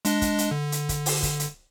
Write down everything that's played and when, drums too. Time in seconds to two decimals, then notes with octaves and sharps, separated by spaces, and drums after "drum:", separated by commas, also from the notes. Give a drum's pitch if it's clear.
0.05 G#3 D4 D#5, drum: hi-hat
0.22 drum: kick, hi-hat
0.38 drum: hi-hat
0.51 D3
0.72 drum: hi-hat
0.89 drum: kick, hi-hat
1.06 drum: open hi-hat
1.23 drum: kick, hi-hat
1.39 drum: hi-hat